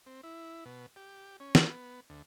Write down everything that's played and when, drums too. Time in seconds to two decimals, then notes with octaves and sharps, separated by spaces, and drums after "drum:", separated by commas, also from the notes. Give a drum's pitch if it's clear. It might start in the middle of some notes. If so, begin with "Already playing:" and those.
0.06 C4
0.23 E4
0.65 B2
0.96 G4
1.40 C#4
1.55 drum: snare
1.70 B3
2.10 D2